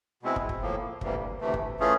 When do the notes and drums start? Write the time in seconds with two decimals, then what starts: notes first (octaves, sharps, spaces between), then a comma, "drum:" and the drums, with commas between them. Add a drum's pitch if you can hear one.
0.23 B2 G#3 C4 E4
0.36 drum: kick
0.49 drum: kick
0.62 A2 F3 A#3
1.01 D2 C3 E3 G3 A#3, drum: kick
1.41 D2 C3 E3 A3
1.54 drum: kick
1.80 E3 A3 C#4 F4 G#4